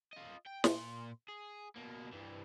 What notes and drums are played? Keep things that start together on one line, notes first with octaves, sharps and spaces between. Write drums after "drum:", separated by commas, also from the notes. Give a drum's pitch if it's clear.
F4 D#5
G5
A#2 C6, drum: snare
G#4
B2 A#3
G2 E3